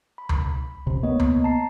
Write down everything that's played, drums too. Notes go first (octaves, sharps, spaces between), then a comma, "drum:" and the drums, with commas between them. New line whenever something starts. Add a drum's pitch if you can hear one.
B5
drum: tom C#2
C#2 C3
A#3 B3 C#5 D#5
drum: tom C#2
A5 A#5 C7